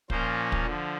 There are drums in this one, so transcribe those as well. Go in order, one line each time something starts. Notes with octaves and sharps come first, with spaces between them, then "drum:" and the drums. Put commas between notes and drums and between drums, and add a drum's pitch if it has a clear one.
A#2 F3 A#3 C#4 C5, drum: kick
drum: kick
D3 F3